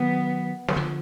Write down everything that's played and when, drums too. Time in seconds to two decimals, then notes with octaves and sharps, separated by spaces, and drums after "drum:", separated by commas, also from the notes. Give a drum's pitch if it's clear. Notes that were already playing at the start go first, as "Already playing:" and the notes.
Already playing: D#3 F#3 B3
0.68 F#3, drum: snare
0.76 D3 F3